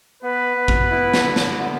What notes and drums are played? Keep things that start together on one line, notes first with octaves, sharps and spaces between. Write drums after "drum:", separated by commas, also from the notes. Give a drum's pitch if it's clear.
B3 B4
B3
drum: kick A1
E4
drum: snare
D3
drum: snare
B3